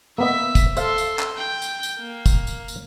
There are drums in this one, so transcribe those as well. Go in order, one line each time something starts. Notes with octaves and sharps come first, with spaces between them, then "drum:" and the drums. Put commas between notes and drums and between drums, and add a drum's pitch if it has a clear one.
A#3 B3 D#5 E5 B6
drum: kick, tambourine
A4 C5 E5 F5 C6, drum: tambourine
drum: tambourine
drum: clap
G5
drum: tambourine
drum: tambourine
A#3
drum: kick, tambourine
drum: tambourine
drum: tambourine